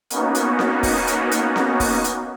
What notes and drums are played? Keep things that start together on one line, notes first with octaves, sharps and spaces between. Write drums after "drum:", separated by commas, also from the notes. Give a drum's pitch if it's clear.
A#3 B3 C#4 D#4 F#4, drum: hi-hat
drum: hi-hat
drum: snare C4
drum: kick, open hi-hat
drum: hi-hat
drum: hi-hat
drum: snare C4
drum: kick, open hi-hat
drum: hi-hat